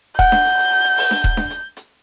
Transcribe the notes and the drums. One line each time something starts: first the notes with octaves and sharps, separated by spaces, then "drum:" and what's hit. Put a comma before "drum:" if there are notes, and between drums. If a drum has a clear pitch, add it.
F#5 G6, drum: kick D#1, hi-hat
drum: snare D4
drum: hi-hat
drum: hi-hat
drum: hi-hat
drum: hi-hat
drum: open hi-hat
drum: snare D4
drum: kick D#1, hi-hat
drum: snare D4
drum: hi-hat
drum: hi-hat